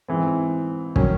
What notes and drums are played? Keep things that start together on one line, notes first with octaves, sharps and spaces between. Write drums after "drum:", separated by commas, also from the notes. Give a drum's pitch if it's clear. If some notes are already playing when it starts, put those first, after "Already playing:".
G#2 E3 C4
D#3 F#3 C#4, drum: kick